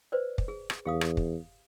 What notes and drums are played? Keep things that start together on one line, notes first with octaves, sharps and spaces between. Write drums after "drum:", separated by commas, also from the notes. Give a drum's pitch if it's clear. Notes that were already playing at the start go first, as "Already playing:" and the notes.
B4 C5 D5
drum: kick
G#4
drum: rim click
E2 G4 F5 D#6
drum: rim click
drum: kick